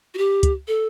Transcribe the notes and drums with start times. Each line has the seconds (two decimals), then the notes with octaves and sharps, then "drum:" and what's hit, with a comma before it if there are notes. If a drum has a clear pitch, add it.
0.14 F#4
0.18 G4
0.43 drum: kick, hi-hat
0.68 A4